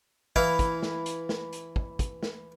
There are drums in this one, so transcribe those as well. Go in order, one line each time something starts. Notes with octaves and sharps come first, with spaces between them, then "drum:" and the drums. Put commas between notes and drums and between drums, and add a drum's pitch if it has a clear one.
E3 E4 F5, drum: kick
drum: kick, hi-hat
drum: snare
drum: hi-hat
drum: snare
drum: hi-hat
drum: kick
drum: kick, hi-hat
drum: snare